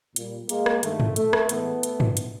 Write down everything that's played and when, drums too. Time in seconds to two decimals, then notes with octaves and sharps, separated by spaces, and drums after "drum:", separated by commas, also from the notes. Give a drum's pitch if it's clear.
0.16 A#2 G3, drum: hi-hat
0.49 G#3 A#3, drum: hi-hat
0.66 drum: rim click
0.83 G2 D#3 G#3 A3, drum: hi-hat
1.00 drum: tom
1.16 A3, drum: hi-hat
1.33 drum: rim click
1.49 A2 E3 G#3 A3 B3, drum: hi-hat
1.83 drum: hi-hat
2.00 drum: tom
2.17 drum: hi-hat